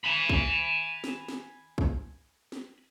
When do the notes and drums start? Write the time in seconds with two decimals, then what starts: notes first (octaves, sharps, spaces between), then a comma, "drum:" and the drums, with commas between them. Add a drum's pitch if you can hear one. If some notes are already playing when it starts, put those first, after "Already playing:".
0.05 G#5 B5
0.30 drum: kick
1.04 drum: snare
1.28 drum: snare
1.78 drum: kick
2.52 drum: snare